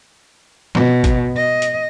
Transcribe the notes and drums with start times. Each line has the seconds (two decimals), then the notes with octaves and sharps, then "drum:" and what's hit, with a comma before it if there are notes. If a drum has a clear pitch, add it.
0.75 B2, drum: snare
1.04 drum: kick, hi-hat
1.37 D#5
1.62 drum: hi-hat